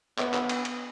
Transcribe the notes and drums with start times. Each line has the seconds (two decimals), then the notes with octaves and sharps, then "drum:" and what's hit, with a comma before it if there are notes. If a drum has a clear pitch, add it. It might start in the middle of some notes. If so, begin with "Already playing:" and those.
0.18 B3, drum: clap
0.34 drum: clap
0.49 drum: cymbal
0.65 drum: cymbal